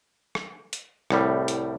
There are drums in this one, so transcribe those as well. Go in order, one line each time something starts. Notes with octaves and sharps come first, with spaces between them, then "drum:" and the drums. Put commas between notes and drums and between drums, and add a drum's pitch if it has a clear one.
drum: rim click
drum: hi-hat
C2 A2 G3, drum: rim click
drum: hi-hat